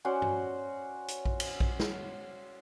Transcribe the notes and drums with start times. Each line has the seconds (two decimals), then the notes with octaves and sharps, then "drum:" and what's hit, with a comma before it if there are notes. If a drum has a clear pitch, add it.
0.05 C#4 F#4 C5 D5
0.22 drum: tom G2
1.08 drum: hi-hat
1.26 drum: kick A#1
1.40 drum: cymbal
1.60 drum: kick A#1
1.79 drum: snare